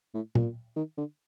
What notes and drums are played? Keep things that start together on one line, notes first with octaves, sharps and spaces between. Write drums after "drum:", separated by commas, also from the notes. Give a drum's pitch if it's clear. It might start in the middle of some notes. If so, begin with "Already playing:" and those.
A2
A#2, drum: tom A#2
D#3
D3